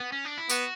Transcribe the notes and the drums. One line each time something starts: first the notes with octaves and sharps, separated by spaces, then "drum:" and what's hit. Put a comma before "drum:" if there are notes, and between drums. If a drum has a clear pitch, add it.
B3
C#4
D4
E4
B3 F#4, drum: tambourine